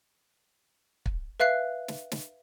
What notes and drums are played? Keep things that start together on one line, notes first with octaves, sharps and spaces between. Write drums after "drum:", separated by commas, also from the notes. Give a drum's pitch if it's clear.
drum: kick
B4 E5 F5 F#6 C7
drum: snare
drum: snare